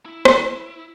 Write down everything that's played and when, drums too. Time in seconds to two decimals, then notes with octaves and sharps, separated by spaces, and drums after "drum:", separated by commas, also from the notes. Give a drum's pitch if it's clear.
0.06 E4
0.25 drum: rim click